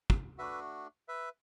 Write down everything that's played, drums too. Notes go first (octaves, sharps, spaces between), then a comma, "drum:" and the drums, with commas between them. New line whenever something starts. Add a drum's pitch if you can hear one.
drum: kick
A3 D4 F#4 B4 E5
B4 E5